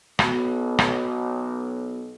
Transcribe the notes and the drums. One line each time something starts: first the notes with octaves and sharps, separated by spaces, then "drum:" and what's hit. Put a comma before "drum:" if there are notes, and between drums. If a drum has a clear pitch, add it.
B1 B3 F#4, drum: rim click
drum: rim click